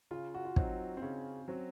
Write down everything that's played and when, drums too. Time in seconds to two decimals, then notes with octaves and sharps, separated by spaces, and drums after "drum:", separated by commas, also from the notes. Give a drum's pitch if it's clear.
0.11 C#3 F4
0.34 F#4
0.45 F4
0.56 F#3 C4 D#4 F#4, drum: kick
0.97 C4
1.02 C#3 C#4
1.48 F#3 C4 F#4